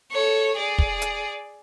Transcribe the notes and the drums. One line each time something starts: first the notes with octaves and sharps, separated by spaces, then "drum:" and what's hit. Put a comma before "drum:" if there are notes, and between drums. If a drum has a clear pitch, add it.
A4 C#5
G#4 D5
drum: kick
drum: hi-hat